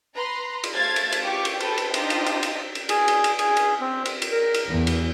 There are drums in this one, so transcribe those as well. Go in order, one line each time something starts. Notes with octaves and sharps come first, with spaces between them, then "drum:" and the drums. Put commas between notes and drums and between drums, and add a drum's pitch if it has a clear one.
B4 A#5 C6
drum: cymbal
A3 C5 F5 G#6 A6
drum: cymbal
drum: cymbal
F4 G4 C#6 D6
drum: cymbal
G4 A4 B4 C5 G5, drum: cymbal
drum: cymbal
D4 D#4 F4 G4 C5 D#5, drum: cymbal
drum: cymbal
drum: cymbal
drum: cymbal
drum: cymbal
G#4, drum: cymbal
drum: cymbal
drum: cymbal
G#4, drum: cymbal
drum: cymbal
C4
drum: cymbal
drum: cymbal
A#4
drum: cymbal
E2
drum: cymbal